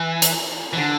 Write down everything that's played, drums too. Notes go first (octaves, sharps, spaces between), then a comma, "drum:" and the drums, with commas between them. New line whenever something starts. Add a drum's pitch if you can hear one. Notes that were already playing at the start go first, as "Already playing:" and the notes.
Already playing: E3
drum: hi-hat
E3
D3